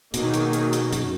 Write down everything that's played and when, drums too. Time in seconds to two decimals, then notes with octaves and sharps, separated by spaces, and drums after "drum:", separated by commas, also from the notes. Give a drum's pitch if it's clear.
0.14 B2 D#3 F#3 A#3 D#4 G#4, drum: hi-hat
0.34 drum: hi-hat
0.53 drum: hi-hat
0.73 drum: hi-hat
0.93 F#2, drum: hi-hat